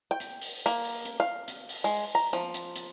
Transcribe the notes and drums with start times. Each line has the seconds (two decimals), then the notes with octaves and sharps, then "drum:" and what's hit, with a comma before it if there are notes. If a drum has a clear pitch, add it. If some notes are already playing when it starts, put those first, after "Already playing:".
0.11 G5
0.20 drum: hi-hat
0.42 drum: open hi-hat
0.66 A#3
0.84 drum: open hi-hat
1.05 drum: hi-hat
1.20 F5
1.48 drum: hi-hat
1.69 drum: open hi-hat
1.84 G#3
2.15 A#5
2.33 F3, drum: hi-hat
2.54 drum: hi-hat
2.76 drum: hi-hat